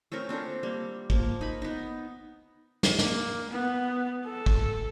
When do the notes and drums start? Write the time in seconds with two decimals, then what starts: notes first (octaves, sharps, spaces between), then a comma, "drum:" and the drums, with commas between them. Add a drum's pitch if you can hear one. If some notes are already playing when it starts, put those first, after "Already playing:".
0.12 A3 C4 C#4 A#4
0.29 C4 D4 F4 A4
0.63 G3 A#3
1.10 F3 A#3, drum: kick
1.41 D#4 B5
1.62 B3 D#4
2.83 drum: snare
2.99 A#3, drum: snare
3.50 B3
4.25 A4
4.46 drum: kick